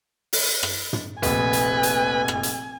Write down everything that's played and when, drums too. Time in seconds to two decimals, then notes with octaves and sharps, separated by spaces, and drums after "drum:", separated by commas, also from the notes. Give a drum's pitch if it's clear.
0.33 drum: open hi-hat
0.63 drum: rim click
0.93 drum: tom
1.23 F1 A#1 B4 G#5, drum: hi-hat
1.53 drum: hi-hat
1.83 drum: hi-hat
2.28 drum: rim click
2.43 drum: hi-hat